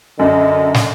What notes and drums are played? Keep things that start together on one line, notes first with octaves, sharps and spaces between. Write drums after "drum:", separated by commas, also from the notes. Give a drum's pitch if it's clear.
F#2 D3 D#5
drum: snare